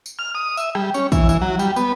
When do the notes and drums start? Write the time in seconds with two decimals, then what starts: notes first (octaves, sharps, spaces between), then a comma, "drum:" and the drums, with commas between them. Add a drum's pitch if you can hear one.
0.06 drum: tambourine
0.19 F6
0.35 D#6
0.57 E5, drum: tambourine
0.75 G3, drum: rim click
0.94 C#4, drum: tambourine
1.12 E3, drum: kick, tambourine
1.29 E3, drum: tambourine
1.41 F#3
1.59 G3, drum: tambourine
1.76 B3, drum: tambourine